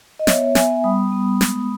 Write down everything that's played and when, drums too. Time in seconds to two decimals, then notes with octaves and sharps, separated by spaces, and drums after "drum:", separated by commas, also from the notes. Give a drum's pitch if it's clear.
0.19 D#5
0.27 B3 C#5 E5, drum: snare
0.55 B3 E5 G#5, drum: snare
0.84 G3 B5 D#6
1.12 B3
1.41 G#3, drum: snare